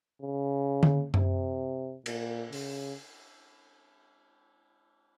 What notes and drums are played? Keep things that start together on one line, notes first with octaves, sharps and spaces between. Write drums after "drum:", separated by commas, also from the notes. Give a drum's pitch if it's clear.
C#3
drum: tom D3
C3, drum: tom F#2
A#2, drum: cymbal
C#3, drum: open hi-hat